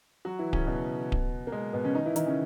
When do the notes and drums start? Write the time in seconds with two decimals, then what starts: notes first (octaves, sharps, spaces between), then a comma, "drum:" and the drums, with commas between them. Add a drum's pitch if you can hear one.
0.25 F#3 F#4
0.39 E3 E4
0.53 C#3 C#4, drum: kick D1
0.67 B2 B3
1.12 drum: kick D1
1.47 A#3
1.52 G#3
1.73 B2 B3
1.84 C#3 C#4
1.94 D#3 D#4
2.06 E3 E4
2.16 D#3 D#4, drum: hi-hat
2.26 C#3 C#4